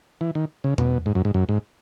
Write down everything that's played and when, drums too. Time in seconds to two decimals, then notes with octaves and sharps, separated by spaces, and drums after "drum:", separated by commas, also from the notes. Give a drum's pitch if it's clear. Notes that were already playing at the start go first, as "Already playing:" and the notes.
0.21 E3
0.35 D#3
0.64 C#3
0.78 B2, drum: tom E2
1.06 G#2
1.15 F#2
1.25 G#2
1.34 F#2
1.49 G#2